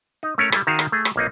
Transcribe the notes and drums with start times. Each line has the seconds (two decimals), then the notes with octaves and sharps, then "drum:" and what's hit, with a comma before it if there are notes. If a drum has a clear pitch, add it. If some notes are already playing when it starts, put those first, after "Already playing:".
0.23 D#4
0.38 A3 C#4 A#4 C#5
0.52 G3 E4 A4, drum: rim click
0.67 D#3 D#4 F#4 G#4 F5 A5
0.79 drum: rim click
0.92 A3 G#4
1.05 drum: rim click
1.16 B1 A#3 C4 D#4